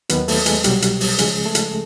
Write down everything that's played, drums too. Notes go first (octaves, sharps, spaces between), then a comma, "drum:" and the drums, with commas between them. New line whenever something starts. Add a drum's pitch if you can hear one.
D#2 D#3 F#3 B3 B4, drum: hi-hat
A3 A4, drum: open hi-hat
G#3 G#4, drum: hi-hat
C2 B2 F#3 G3 G4, drum: hi-hat
drum: hi-hat
drum: open hi-hat
C#2 C#3 F3 G#3 G#4, drum: hi-hat
A3 A4
drum: hi-hat